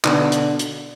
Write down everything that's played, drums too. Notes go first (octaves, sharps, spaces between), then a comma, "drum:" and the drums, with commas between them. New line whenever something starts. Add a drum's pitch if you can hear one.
B2 D3, drum: clap
drum: hi-hat
drum: hi-hat